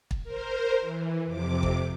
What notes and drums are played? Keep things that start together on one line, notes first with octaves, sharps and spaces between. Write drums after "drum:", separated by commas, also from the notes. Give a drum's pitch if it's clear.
drum: kick
A#4 C5
E3
F2 C3 D6
drum: kick